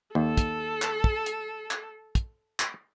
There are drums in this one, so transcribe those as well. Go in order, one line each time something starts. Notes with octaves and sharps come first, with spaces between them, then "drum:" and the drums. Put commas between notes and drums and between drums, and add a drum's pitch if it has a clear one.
D#2 A4
drum: kick, hi-hat
drum: clap
drum: kick
drum: hi-hat
drum: clap
drum: kick, hi-hat
drum: clap